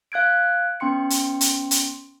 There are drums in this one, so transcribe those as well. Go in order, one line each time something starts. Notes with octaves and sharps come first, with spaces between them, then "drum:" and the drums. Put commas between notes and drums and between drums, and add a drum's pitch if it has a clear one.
F5 F#6 G#6 D7
B3 C#4 G5 C6 C#7
drum: hi-hat
drum: hi-hat
drum: hi-hat